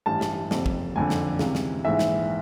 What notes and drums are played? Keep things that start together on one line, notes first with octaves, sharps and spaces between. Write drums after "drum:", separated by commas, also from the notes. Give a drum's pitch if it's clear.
A1 G2 E3 A5
drum: snare
F#1 F2 C3, drum: snare
drum: kick
F#1 F2 D3 G#5
drum: snare
C#2 C3 E3, drum: snare
drum: snare
A#1 G#2 E3 E5
drum: snare